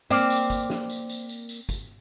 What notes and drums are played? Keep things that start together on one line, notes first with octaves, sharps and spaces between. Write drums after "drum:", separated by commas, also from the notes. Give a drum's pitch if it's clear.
A#3 C4 D5, drum: tambourine
drum: tambourine
drum: kick, tambourine
drum: snare
drum: tambourine
drum: tambourine
drum: tambourine
drum: tambourine
drum: kick, tambourine